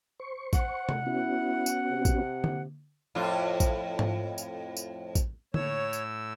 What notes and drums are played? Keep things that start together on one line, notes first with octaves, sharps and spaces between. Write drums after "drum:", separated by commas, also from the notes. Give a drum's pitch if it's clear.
C5 C#6
F#5, drum: kick A1, tambourine
drum: tom C3
B3 C#4 E4 F#4
drum: tambourine
C3
drum: kick A1, tambourine
drum: tom D3
F2 A2 F4
drum: kick A1, tambourine
drum: tom G#2
drum: tambourine
drum: tambourine
drum: kick A1, tambourine
A2 C#5 E6, drum: tom D3
drum: tambourine